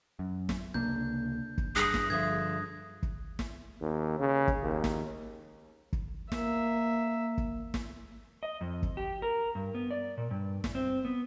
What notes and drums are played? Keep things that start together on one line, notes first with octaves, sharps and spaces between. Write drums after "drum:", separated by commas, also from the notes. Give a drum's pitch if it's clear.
F#2
drum: snare
C#2 C3 A#3 D4 G6
drum: kick
G2 G#4 D#6 F#6 A#6
drum: snare
D3 F3 E5 G#6
drum: kick
drum: snare
D#2
C#3
drum: kick
D#2
drum: snare
drum: kick
A#3 E5, drum: snare
drum: kick
drum: snare
D#5
F2
drum: kick
G4
A#4
G2
B3
D5
A#2
G2
drum: snare
C4
B3